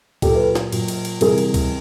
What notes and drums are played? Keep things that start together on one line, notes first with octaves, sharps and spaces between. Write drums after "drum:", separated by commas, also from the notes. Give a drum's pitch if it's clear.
A#2 F#3 G4 A4, drum: kick C#2, cymbal
A4 B4
drum: snare
A#2 F#3, drum: cymbal
drum: cymbal
drum: cymbal
C3 E3 G3 G#4 A#4, drum: cymbal
drum: cymbal
drum: kick C#2, cymbal